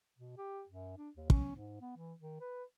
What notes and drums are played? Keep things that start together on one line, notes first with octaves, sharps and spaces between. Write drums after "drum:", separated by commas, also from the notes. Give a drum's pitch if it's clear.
B2
G4
F#2
D4
D#2
C#4, drum: kick
G#2
B3
E3
D#3
B4